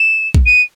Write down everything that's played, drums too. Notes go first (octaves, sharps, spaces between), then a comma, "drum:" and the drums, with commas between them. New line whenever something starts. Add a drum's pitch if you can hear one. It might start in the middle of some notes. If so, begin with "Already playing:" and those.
Already playing: E7
drum: kick A#1
D#7